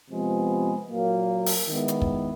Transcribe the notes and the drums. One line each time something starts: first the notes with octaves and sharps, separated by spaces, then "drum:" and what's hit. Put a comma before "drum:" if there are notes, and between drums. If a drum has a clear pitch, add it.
C3 F3 G#3 B3
A#2 F#3 A#3
drum: open hi-hat
D#3 G#3 B3 E4
drum: hi-hat
drum: kick